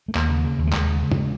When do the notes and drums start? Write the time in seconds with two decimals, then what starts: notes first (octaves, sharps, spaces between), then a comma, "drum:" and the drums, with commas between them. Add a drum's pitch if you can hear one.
0.08 A3
0.15 D#2 A#3, drum: clap
0.29 C#3
0.44 C#3
0.59 D#2
0.67 A3
0.73 D#2 G#3, drum: clap
0.87 C#3
1.02 C#3
1.12 drum: tom